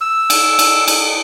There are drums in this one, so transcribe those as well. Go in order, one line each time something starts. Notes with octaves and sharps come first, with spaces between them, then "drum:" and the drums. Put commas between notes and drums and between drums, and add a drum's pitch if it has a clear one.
E6
drum: cymbal
drum: cymbal
drum: cymbal